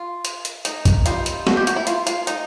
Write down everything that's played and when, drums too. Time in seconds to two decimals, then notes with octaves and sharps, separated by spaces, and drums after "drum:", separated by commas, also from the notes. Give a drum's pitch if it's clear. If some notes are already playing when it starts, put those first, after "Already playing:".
Already playing: F4
0.25 drum: hi-hat
0.45 drum: hi-hat
0.65 D#4, drum: hi-hat
0.85 drum: kick, hi-hat
1.06 G3 C4 D#4 F4, drum: hi-hat
1.26 drum: hi-hat
1.47 F#4, drum: snare
1.57 G4
1.67 F#4, drum: hi-hat
1.76 E4
1.87 F4, drum: hi-hat
2.07 F4, drum: hi-hat
2.27 D#4, drum: hi-hat